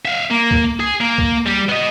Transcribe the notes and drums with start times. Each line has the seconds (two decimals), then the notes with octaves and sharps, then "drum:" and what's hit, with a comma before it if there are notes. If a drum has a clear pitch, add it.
0.05 E5 F5
0.31 A#3
0.51 drum: kick C#2
0.80 G#4
1.01 A#3
1.18 drum: kick C#2
1.46 G3 G4
1.69 B3 D#5